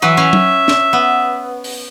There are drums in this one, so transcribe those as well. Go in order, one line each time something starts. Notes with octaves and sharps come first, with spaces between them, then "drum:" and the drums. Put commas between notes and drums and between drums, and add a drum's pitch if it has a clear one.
E3 F#3 B4 E5
C#4 B4 F5
drum: tom F#3
drum: snare
B3
drum: open hi-hat